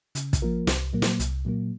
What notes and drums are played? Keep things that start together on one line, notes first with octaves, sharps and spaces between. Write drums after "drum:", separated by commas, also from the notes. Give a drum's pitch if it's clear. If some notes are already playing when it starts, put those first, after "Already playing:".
C#3, drum: hi-hat
drum: kick, hi-hat
F3 A#3 F4 A#4
C2, drum: snare
A#2 F#3 A#3
drum: snare
C2, drum: hi-hat
A#2 F#3 A#3